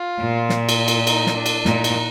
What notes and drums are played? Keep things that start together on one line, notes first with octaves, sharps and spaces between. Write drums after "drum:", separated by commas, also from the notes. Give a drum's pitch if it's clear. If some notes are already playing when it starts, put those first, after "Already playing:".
Already playing: F4
A#2
drum: snare
drum: cymbal
drum: cymbal
D#4, drum: cymbal
drum: snare
D4
drum: cymbal
A#2 D#4, drum: snare
drum: cymbal